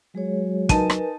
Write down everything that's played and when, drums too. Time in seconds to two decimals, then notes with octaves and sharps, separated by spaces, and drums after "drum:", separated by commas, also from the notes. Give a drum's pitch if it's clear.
0.15 F#3 G#3 G#4 C#5
0.69 D#4 A#4 B4 G#5 A5 D#7, drum: kick, hi-hat
0.90 drum: rim click